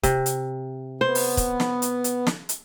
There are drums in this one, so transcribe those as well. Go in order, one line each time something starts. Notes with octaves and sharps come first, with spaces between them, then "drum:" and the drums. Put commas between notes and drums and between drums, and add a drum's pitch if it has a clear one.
C3, drum: kick, hi-hat
drum: hi-hat
B3 C5
drum: open hi-hat
drum: kick, hi-hat
drum: snare
drum: hi-hat
drum: hi-hat
drum: snare
drum: hi-hat